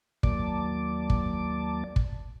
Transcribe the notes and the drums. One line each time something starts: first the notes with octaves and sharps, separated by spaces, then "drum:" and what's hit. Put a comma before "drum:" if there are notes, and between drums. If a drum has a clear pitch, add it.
D#2 F#3 A#3 D5 A5 D6, drum: kick
drum: kick
drum: kick